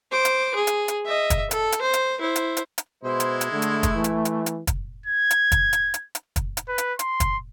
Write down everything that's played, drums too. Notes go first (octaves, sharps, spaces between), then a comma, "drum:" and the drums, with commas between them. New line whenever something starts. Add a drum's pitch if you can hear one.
C5 D6
drum: hi-hat
G#4
drum: hi-hat
drum: hi-hat
D#5 E5
drum: kick, hi-hat
A4, drum: hi-hat
drum: hi-hat
C5
drum: hi-hat
E4 C5
drum: hi-hat
drum: hi-hat
drum: hi-hat
B2 G#3 E4 C5
drum: hi-hat
drum: hi-hat
D3 A3
drum: hi-hat
drum: kick, hi-hat
E3
drum: hi-hat
drum: hi-hat
drum: hi-hat
drum: kick, hi-hat
G#6
drum: hi-hat
drum: kick, hi-hat
drum: hi-hat
drum: hi-hat
drum: hi-hat
drum: kick, hi-hat
drum: hi-hat
B4
drum: hi-hat
C6, drum: hi-hat
drum: kick, hi-hat